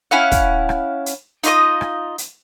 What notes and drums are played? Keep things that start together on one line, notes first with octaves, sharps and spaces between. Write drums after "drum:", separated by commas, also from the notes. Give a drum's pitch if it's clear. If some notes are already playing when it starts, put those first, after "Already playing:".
C#4 E4 F5 F#5
drum: kick, hi-hat
drum: rim click
drum: hi-hat
D#4 F4 D#5 D#6, drum: hi-hat
drum: rim click
drum: hi-hat